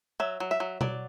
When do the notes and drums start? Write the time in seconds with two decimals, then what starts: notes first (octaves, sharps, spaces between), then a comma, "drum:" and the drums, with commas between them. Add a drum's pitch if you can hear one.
0.20 F#3 E5
0.40 F#3
0.51 E5
0.60 F#3
0.81 F#3 D5, drum: tom B2